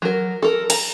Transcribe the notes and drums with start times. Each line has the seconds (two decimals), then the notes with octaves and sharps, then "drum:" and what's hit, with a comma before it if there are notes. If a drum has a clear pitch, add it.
0.02 F#3 A#4
0.42 A4 A#4
0.70 A#5, drum: cymbal